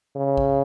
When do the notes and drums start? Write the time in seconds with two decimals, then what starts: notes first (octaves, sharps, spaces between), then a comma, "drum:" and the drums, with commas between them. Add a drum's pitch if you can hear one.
0.16 C#3
0.37 drum: kick A#1